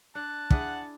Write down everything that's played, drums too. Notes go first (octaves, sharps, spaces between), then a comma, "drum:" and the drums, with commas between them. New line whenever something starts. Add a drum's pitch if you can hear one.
D4 A5 F#6
D4 E4 G#4 F#5, drum: kick